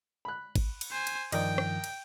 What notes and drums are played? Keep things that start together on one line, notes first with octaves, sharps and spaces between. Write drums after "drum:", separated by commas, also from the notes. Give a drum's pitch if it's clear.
B5 F#6
drum: kick G#1, cymbal
drum: cymbal
C5 G#5
drum: cymbal
G2 D#3 F3 A#4 D5 D#5 G5, drum: cymbal
drum: rim click
drum: cymbal